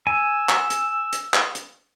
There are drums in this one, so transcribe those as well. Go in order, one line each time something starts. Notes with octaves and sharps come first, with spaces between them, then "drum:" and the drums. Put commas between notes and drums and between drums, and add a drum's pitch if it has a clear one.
G#5 E6
drum: clap
drum: hi-hat
drum: hi-hat
drum: clap
drum: hi-hat